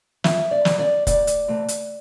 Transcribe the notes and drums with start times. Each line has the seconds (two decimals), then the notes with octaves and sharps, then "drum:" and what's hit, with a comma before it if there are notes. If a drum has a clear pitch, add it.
0.24 F2 E5, drum: snare
0.51 D5
0.65 C3 E3, drum: snare
0.79 D5
1.07 D2 D5, drum: kick F1, hi-hat
1.27 drum: hi-hat
1.48 C3 E3 A3
1.68 drum: hi-hat